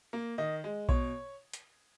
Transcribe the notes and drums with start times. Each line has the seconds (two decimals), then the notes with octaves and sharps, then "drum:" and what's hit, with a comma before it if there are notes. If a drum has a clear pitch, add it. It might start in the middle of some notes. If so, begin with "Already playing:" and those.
0.13 A#3
0.38 D#3 D#5
0.64 G#3
0.89 B2 C#5, drum: kick A#1
1.54 drum: hi-hat